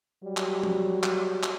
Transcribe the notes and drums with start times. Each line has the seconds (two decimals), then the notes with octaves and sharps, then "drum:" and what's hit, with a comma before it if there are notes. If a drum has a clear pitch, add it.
0.24 F#3 G3
0.37 drum: clap
0.63 drum: tom F3
1.03 drum: clap
1.43 drum: clap